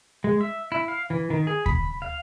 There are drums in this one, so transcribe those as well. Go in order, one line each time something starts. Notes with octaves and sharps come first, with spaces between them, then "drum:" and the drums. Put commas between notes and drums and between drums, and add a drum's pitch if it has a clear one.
G#3
E5
E4
F5
E3
D#3
G#4
B5, drum: kick D#2
F5